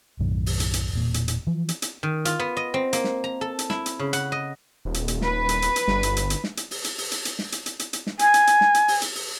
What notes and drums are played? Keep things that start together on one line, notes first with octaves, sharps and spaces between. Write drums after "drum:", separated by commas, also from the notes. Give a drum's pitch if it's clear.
B1 F#2 A2 D#3
drum: open hi-hat
drum: hi-hat
drum: hi-hat
E1 A#2
drum: hi-hat
drum: hi-hat
E3 F3
drum: hi-hat
drum: hi-hat
D#3
F4, drum: hi-hat
B3
D#5
C4
A#3, drum: hi-hat
drum: snare
A#5
A4
drum: hi-hat
E4, drum: snare
drum: hi-hat
C#3
F#5, drum: hi-hat
D#5
D#1
drum: hi-hat
drum: hi-hat
B4, drum: snare
drum: hi-hat
drum: hi-hat
drum: hi-hat
G1, drum: snare
drum: hi-hat
drum: hi-hat
drum: hi-hat
drum: snare
drum: hi-hat
drum: open hi-hat
drum: hi-hat
drum: open hi-hat
drum: hi-hat
drum: hi-hat
drum: snare
drum: hi-hat
drum: hi-hat
drum: hi-hat
drum: hi-hat
drum: snare
G#5, drum: hi-hat
drum: hi-hat
drum: hi-hat
drum: snare
drum: hi-hat
drum: open hi-hat
drum: hi-hat
drum: open hi-hat